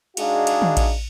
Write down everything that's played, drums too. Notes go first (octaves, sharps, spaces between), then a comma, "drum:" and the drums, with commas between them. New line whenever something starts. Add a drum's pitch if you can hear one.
G#3 D4 D#4 F#4 G#4 F5, drum: cymbal
drum: cymbal
drum: tom
drum: kick A1, cymbal